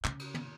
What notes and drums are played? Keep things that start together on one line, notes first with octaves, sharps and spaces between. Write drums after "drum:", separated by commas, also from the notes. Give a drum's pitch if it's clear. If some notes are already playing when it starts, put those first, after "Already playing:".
C#3, drum: clap
drum: cymbal
drum: tom